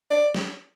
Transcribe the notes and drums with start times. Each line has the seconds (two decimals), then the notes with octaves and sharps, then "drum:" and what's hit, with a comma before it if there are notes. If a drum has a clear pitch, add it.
0.10 D5
0.34 drum: snare